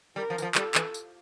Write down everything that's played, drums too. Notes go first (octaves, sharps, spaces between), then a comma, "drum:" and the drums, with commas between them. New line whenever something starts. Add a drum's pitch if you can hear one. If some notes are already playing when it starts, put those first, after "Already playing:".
G3 A#4
F3
E3, drum: tambourine
F3
G3 A4, drum: clap
E3, drum: clap
drum: tambourine